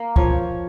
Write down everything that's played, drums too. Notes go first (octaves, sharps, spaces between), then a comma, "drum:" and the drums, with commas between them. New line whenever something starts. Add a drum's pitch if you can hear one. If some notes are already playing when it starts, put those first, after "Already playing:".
Already playing: A#3
F3 C#5, drum: kick